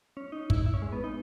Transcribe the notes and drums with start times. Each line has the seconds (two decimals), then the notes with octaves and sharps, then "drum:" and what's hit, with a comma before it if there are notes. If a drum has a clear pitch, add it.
0.17 C#4
0.32 D#4
0.50 E4, drum: kick
0.66 E4
0.74 C#4
0.82 G#3
0.92 B3
1.04 D#4